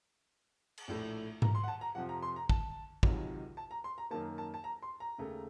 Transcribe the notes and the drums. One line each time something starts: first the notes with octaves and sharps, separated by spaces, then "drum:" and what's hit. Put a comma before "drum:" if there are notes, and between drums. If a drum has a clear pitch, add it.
drum: cymbal
A#1 A2 A3
A#5, drum: tom G#2
C6
F#5
A5
A#5
F2 C3 F3 F#5
A#5
C6
A#5
A5, drum: kick
C#2 C3 D#3 F#3, drum: kick
A5
A#5
C6
A#5
F#2 D#3 A#3 A5
A5
A5
A#5
C6
A#5
D#2 C#3 A3